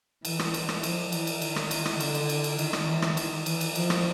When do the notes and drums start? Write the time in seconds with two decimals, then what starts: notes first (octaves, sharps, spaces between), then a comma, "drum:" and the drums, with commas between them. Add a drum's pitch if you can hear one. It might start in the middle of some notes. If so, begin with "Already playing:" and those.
0.25 E3, drum: cymbal
0.39 drum: rim click
0.54 drum: cymbal
0.69 drum: rim click
0.83 F3, drum: cymbal
1.12 E3, drum: cymbal
1.27 drum: cymbal
1.42 D#3, drum: cymbal
1.56 drum: rim click
1.71 drum: cymbal
1.85 drum: rim click
2.00 D3, drum: cymbal
2.15 drum: cymbal
2.29 drum: cymbal
2.44 drum: cymbal
2.59 D#3, drum: cymbal
2.73 drum: rim click
2.88 E3
3.02 drum: rim click
3.17 D#3, drum: cymbal
3.46 E3, drum: cymbal
3.61 drum: cymbal
3.75 F3, drum: cymbal
3.90 drum: rim click